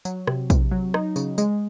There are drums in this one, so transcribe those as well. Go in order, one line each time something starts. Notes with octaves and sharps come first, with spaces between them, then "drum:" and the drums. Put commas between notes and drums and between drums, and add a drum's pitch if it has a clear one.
F#3, drum: tambourine
C3, drum: rim click
C3, drum: kick, tambourine
F#3
D#4, drum: rim click
C#3, drum: tambourine
G#3, drum: tambourine